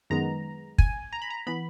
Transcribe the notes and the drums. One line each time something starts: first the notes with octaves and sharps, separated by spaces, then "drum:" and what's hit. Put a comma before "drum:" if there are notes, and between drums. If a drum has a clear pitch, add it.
F#2 D#3 G#3 B3 A#5
G#5, drum: kick
A#5
B5
A#5
E3 B3 B5